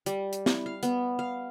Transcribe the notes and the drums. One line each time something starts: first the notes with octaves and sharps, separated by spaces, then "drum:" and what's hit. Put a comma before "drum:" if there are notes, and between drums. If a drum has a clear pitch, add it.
G3, drum: hi-hat
drum: hi-hat
E4, drum: snare
F5
B3, drum: hi-hat
F5